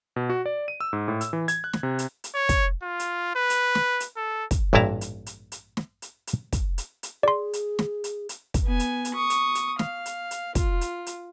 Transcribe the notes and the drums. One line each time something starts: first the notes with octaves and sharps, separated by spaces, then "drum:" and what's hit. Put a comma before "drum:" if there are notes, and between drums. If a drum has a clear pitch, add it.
B2
F#4
D5
D#7
E6
G#2
A2
E6, drum: hi-hat
E3
G#6, drum: hi-hat
F#6
drum: snare
C3
drum: hi-hat
drum: hi-hat
C#5
drum: kick, hi-hat
F4
drum: hi-hat
B4
drum: hi-hat
drum: snare
drum: hi-hat
A4
drum: kick, hi-hat
A1 G2 A#2 E4 A5 A#5
drum: hi-hat
drum: hi-hat
drum: hi-hat
drum: snare
drum: hi-hat
drum: hi-hat
drum: kick, hi-hat
drum: hi-hat
drum: hi-hat
G#4 D5 C6
drum: hi-hat
drum: snare
drum: hi-hat
drum: hi-hat
drum: kick, hi-hat
B3 G#5
drum: hi-hat
drum: hi-hat
C#6 D#6
drum: hi-hat
drum: hi-hat
F5, drum: snare
drum: hi-hat
drum: hi-hat
F4, drum: kick, hi-hat
drum: hi-hat
drum: hi-hat